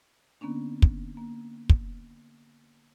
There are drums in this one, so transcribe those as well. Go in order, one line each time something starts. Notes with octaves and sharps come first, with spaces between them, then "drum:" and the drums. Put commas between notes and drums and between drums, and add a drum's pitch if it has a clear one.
D3 A#3 B3 C#4 D4
drum: kick
A#3
drum: kick